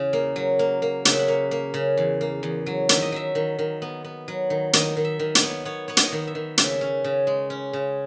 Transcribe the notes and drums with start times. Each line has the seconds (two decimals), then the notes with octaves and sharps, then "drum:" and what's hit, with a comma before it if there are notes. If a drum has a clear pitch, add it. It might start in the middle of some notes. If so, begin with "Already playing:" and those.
Already playing: E2 C#3
0.13 A#3
0.36 F#3
0.59 A#3
0.82 A#3
1.05 C#3 F#5, drum: hi-hat
1.12 E5
1.19 F#5
1.28 A#3
1.51 A#3
1.74 C#3
1.97 E2
2.21 A#3
2.43 E2
2.66 F#3
2.89 D#3 E5, drum: hi-hat
3.02 D#5
3.12 F#3 E5
3.35 D#3
3.59 D#3
3.82 B3
4.04 B3
4.28 F#3
4.50 D#3
4.73 D#3 D#5, drum: hi-hat
4.97 D#3
5.05 E5
5.19 D#3
5.35 C#5, drum: hi-hat
5.42 B3
5.65 B3 C#5
5.88 B3 C#5
5.97 D#5, drum: hi-hat
6.12 D#3
6.27 E5
6.35 D#3
6.58 C#3 E5, drum: hi-hat
6.81 C#4
7.04 C#3
7.27 G#3
7.50 C#4
7.73 C#3